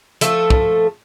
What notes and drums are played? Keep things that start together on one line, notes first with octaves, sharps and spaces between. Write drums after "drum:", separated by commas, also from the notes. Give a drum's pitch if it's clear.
F3 A3 A4, drum: hi-hat
drum: kick